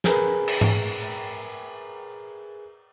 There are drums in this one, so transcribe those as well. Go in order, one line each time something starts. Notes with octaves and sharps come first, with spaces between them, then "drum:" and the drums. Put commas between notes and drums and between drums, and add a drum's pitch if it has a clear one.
G#4 A#4 B4, drum: snare
drum: cymbal
drum: tom G#2